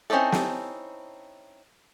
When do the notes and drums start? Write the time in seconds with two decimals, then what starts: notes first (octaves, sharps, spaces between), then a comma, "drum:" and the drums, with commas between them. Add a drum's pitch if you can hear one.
0.10 C4 C#4 D#4 E4 A4
0.32 drum: snare